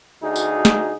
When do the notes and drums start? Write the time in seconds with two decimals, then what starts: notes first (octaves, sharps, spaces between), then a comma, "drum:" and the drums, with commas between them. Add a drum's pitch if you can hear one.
0.23 D2 D#4 F#4 G#4
0.36 drum: tambourine
0.65 drum: snare